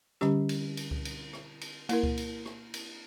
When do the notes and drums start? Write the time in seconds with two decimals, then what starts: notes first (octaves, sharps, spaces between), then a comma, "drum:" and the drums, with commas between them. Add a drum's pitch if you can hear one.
0.21 D3 G3 C#4 G4, drum: rim click
0.49 drum: cymbal
0.77 drum: cymbal
0.91 drum: kick C#2
1.05 drum: cymbal
1.33 drum: rim click
1.61 drum: cymbal
1.89 A#3 E4 A#4, drum: cymbal
2.03 drum: kick C#2
2.17 drum: cymbal
2.46 drum: rim click
2.74 drum: cymbal